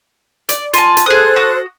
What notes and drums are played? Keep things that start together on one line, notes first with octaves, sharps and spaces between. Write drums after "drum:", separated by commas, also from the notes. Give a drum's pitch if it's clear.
D5, drum: hi-hat
F4 G#5 A5, drum: hi-hat
drum: hi-hat
G#4 A4 C5 D#6 F#6
F#4 D#6